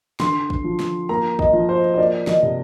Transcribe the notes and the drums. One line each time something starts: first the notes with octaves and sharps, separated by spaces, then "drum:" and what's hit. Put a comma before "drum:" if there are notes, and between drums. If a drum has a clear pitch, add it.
D3 C6, drum: snare
drum: kick
F3
drum: snare
A#3 A#5
D#5, drum: kick
F3
C5
D#5
A#3 D5
D#5, drum: snare
C3